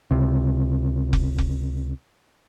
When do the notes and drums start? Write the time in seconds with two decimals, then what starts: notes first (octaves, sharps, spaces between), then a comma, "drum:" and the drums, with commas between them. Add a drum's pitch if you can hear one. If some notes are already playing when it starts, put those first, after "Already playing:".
0.11 C#2 C3
1.13 drum: kick F1
1.38 drum: kick F1